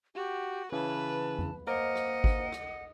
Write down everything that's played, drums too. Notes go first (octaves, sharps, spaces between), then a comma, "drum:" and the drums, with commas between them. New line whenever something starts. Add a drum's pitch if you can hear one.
F#4 G4
C#3 E3 B4 A5
drum: tom F2
A#3 A#4 C5 D#5 F#5
drum: rim click
drum: kick G#1
drum: rim click